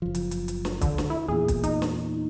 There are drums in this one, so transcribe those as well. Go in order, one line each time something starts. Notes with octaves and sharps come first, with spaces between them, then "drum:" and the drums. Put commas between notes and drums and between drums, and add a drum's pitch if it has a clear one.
F#1 F3
drum: hi-hat
drum: hi-hat
drum: hi-hat
drum: snare
D3, drum: kick, hi-hat
drum: snare
E4
E2 A#2 G#4
drum: kick, hi-hat
D#4, drum: hi-hat
drum: snare